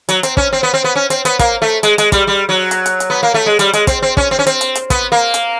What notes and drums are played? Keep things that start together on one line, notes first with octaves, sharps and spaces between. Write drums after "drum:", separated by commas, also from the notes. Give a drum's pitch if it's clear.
F#3, drum: hi-hat
C4, drum: hi-hat
C#4, drum: kick
C4
B3
C4
B3
C#4
C4, drum: hi-hat
B3, drum: hi-hat
A#3, drum: kick, hi-hat
A3
G#3, drum: hi-hat
G#3, drum: hi-hat
G3, drum: kick, hi-hat
G3
F#3
drum: hi-hat
drum: hi-hat
drum: hi-hat
B3
A#3
A3
G#3
G3, drum: hi-hat
G#3, drum: hi-hat
C4, drum: kick, hi-hat
C4
C#4, drum: kick
C4
C#4
C4, drum: hi-hat
drum: hi-hat
drum: hi-hat
B3, drum: kick, hi-hat
A#3
drum: hi-hat